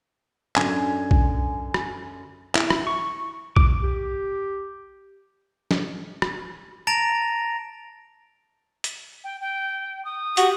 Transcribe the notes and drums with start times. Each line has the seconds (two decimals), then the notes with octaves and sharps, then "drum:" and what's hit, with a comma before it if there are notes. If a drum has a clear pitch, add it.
0.56 F#2 D3 G#5, drum: clap
1.11 drum: kick B1
1.74 drum: rim click
2.55 E4, drum: clap
2.70 drum: rim click
2.87 C#6
3.56 D6, drum: kick B1
3.82 G4
5.71 drum: snare
6.22 drum: rim click
6.87 A5 A#5 A6 A#6 D7 F7
8.84 drum: hi-hat
9.24 G5
9.41 G5
10.05 D#6
10.37 F#4 G4, drum: hi-hat